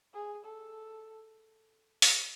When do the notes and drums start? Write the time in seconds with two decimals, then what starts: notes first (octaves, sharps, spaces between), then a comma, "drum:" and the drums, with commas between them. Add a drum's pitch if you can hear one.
0.14 G#4
0.45 A4
2.02 drum: open hi-hat